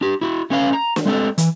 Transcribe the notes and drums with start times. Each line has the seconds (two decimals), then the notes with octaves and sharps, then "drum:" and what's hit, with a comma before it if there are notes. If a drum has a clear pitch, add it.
0.01 D4 G4
0.21 E4 F#4
0.50 A3 C#4 B4 F5
0.73 A#5
0.96 drum: snare
1.06 G#3 A3 C4 A4
1.38 E3, drum: hi-hat